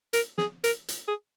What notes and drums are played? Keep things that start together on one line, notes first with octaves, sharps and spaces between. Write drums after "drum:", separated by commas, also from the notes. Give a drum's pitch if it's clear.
A#4, drum: hi-hat
G#4, drum: snare
A#4, drum: hi-hat
drum: hi-hat
G#4